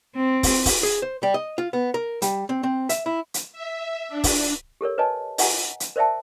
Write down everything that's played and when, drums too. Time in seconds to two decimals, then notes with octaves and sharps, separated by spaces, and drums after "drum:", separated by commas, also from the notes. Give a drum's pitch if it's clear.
0.16 C4
0.43 drum: kick, open hi-hat
0.66 drum: kick, open hi-hat
0.83 G#4
1.02 C5
1.23 G3
1.34 D#5
1.58 F4
1.73 B3
1.94 A#4
2.22 G3, drum: hi-hat
2.49 C4
2.63 C4
2.89 E5, drum: hi-hat
3.06 E4
3.34 drum: hi-hat
3.53 E5
4.08 D4
4.24 drum: kick, open hi-hat
4.81 G4 A4 A#4 C#5
4.98 B4 C#5 D#5 G#5 A5
5.38 D#5 F5 F#5 G#5 A#5, drum: open hi-hat
5.80 drum: hi-hat
5.96 A#4 C5 D5 E5 G5 A5